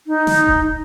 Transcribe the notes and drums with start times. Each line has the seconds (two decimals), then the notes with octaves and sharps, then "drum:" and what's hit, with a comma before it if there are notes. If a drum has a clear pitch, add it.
0.07 D#4
0.27 drum: snare
0.47 drum: kick D#1